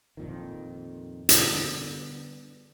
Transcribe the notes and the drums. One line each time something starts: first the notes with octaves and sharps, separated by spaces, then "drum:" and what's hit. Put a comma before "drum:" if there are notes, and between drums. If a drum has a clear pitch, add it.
F2 A#2 D#3
D3 G3 B3, drum: hi-hat